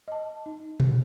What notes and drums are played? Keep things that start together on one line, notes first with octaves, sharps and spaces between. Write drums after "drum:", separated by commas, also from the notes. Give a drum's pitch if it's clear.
D#5 A5
D#4
drum: tom A#2